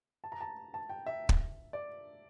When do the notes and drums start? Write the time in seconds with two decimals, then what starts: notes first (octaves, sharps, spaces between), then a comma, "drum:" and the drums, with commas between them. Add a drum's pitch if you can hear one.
0.24 A5
0.32 A#5
0.41 A5
0.74 A5
0.89 G5
1.06 E5
1.29 drum: kick
1.73 D5